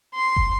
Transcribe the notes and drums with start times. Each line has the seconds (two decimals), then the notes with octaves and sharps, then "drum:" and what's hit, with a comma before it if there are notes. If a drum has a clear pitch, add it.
0.15 C6
0.36 drum: kick F#1